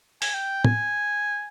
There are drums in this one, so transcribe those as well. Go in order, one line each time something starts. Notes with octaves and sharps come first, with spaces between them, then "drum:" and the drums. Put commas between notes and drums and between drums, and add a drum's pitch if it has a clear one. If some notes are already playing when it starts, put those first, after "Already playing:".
G#5, drum: open hi-hat
G5
G#5, drum: tom